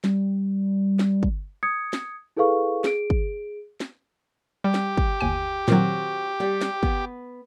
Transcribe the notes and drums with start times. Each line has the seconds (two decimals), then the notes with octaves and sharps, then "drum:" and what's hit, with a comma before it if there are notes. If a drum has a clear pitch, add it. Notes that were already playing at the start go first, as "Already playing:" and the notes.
0.04 G3, drum: snare
0.99 drum: snare
1.23 drum: kick
1.63 D#6 G#6 C#7
1.93 drum: snare
2.37 E4 G#4 A4 B4 F5 C#6
2.84 G#4 D7, drum: snare
3.10 drum: kick
3.80 drum: snare
4.64 G3 G4
4.74 drum: snare
4.97 drum: kick
5.20 G1 D#2 G#5
5.68 A#2 D#3 F#3 C4 F#4, drum: snare
6.40 G3 G5
6.61 drum: snare
6.83 B3, drum: kick